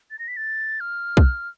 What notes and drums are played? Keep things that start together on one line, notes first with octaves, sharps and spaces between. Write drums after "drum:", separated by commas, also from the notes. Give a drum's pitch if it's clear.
A6
A#6
B6
A6
F6
drum: kick